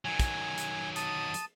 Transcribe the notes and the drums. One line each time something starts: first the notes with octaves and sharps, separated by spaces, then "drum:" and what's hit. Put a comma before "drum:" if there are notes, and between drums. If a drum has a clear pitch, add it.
D#3 F#3 G#5
drum: kick, hi-hat
drum: hi-hat
A5 D#6, drum: hi-hat
drum: hi-hat